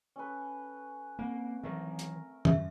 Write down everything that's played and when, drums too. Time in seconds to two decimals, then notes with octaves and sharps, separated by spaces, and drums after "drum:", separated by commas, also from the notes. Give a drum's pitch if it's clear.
0.16 C#4 A4 B4
1.19 A#3 C4
1.63 D#3 E3 F#3 A3 A#4
1.99 drum: hi-hat
2.45 F#2 E5, drum: tom D#3